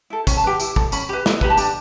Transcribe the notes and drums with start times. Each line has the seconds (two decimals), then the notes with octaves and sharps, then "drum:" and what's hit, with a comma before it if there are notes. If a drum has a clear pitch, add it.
0.10 E4 A4
0.27 C#4 G5, drum: kick, tambourine
0.37 A5
0.44 G4 B4 G5
0.60 E4, drum: tambourine
0.76 A4, drum: kick
0.92 C#4 B5, drum: tambourine
1.09 G4 B4
1.26 E4, drum: snare
1.41 G4 B4 B5, drum: kick
1.50 A5
1.57 D4 G5, drum: tambourine